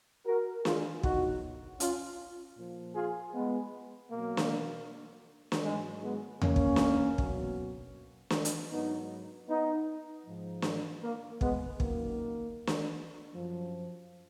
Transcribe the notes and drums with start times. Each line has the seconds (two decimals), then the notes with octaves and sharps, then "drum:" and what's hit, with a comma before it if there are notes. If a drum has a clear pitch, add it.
0.26 F#4 A#4
0.65 F4 G#4, drum: snare
1.03 B2 F#3 D#4 F#4, drum: kick
1.80 C#4 F4, drum: hi-hat
2.58 A#2 F3
2.95 F4 G#4
3.34 G#3 B3
4.11 B2 F#3 A#3
4.37 drum: snare
5.52 drum: snare
5.64 G#2 D#3 F#3 G#3
6.03 G#3 B3
6.42 A#3 C#4, drum: tom E2
6.56 drum: kick
6.76 drum: snare
7.18 B2 F#3, drum: kick
8.30 drum: snare
8.45 drum: hi-hat
8.72 G#2 F#3 B3 D#4
9.49 B3 D#4
10.26 G#2 F3
10.62 drum: snare
11.03 A#3
11.41 G#3 B3, drum: kick
11.80 F#2 D#3 F#3 A#3, drum: kick
12.67 drum: snare
13.34 F#2 F3